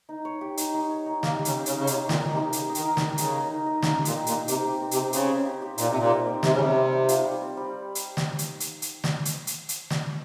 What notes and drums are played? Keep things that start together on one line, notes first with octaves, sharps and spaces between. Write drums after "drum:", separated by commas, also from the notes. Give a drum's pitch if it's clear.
D#4
C#5
G4
D#4, drum: hi-hat
D#4
C#5
D#4
A#3 G4, drum: snare
G4
C#3, drum: hi-hat
G4
C#3, drum: hi-hat
D#5
C#3
C3 D#4, drum: hi-hat
D#4
A#2, drum: snare
A#4
C3
D#4
C#3 G4, drum: hi-hat
D#5
D#3, drum: hi-hat
A#4
D#3, drum: snare
A#4
C#3 D#5, drum: hi-hat
A#4
D#4
D#5
C#3 D#4, drum: snare
G4
A#2, drum: hi-hat
G4
A#2, drum: hi-hat
D#4
C3 C4, drum: hi-hat
G4
C4
C3, drum: hi-hat
C5
C#3 C4, drum: hi-hat
C5
G4
G4
A#2 D#4, drum: hi-hat
C3
A#2 G4
C4
G4
C3 C4, drum: snare
C#3
C3 G3
G3
G3
F4, drum: hi-hat
G3
C4
G3
drum: hi-hat
drum: snare
drum: hi-hat
drum: hi-hat
drum: hi-hat
drum: snare
drum: hi-hat
drum: hi-hat
drum: hi-hat
drum: snare